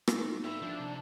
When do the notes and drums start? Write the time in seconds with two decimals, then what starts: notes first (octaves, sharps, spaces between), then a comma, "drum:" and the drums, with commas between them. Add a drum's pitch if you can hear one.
0.08 drum: rim click
0.21 D#4
0.44 G3 E4 G4 B4 E5
0.62 F3 D4
0.80 C3